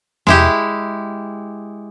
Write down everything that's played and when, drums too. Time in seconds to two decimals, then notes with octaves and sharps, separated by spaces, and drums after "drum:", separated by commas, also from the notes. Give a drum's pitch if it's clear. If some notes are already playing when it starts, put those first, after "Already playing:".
0.27 G#3 E4 G4, drum: tom E2